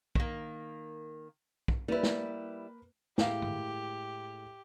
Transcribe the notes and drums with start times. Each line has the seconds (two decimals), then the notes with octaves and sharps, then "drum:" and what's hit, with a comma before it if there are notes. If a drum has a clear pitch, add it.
0.15 D#3 A#3, drum: kick
1.68 drum: kick
1.88 G3 A#3 E4 B4
2.03 drum: snare
3.18 A2 G#3 E4 G4 A#4 F5, drum: snare
3.42 drum: tom